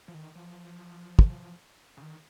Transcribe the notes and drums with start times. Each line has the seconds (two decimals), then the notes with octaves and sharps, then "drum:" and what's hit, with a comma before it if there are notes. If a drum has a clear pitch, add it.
0.08 F3
0.14 D#3
0.35 F3
1.19 drum: kick
1.97 C#3
2.02 D#3